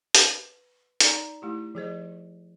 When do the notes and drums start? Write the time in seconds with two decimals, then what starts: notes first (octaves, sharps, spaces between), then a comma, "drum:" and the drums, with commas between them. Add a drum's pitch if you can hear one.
0.15 B4, drum: hi-hat
1.00 D#4 D5 G#5 A#5, drum: hi-hat
1.42 A3 E4 G4
1.75 F3 G#4 C5 D#5